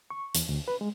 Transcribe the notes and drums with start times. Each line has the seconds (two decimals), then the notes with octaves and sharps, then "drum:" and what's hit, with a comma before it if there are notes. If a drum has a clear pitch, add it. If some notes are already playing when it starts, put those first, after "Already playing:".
0.10 C#6
0.35 E2, drum: hi-hat
0.49 D2
0.68 B4
0.81 G#3